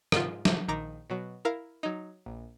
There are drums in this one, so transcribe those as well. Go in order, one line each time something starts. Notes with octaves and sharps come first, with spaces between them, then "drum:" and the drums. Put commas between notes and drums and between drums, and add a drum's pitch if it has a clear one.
G#2 F4, drum: rim click
drum: snare
A#1 D#3 A#5 D6 A#6
B2 F#3
E4 A#4 F5
F#3 D#4
A#1